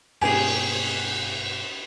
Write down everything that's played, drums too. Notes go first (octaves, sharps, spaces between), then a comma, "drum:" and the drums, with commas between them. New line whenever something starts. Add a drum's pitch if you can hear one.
G2 B2 A#3 G4 G#4 G#5, drum: cymbal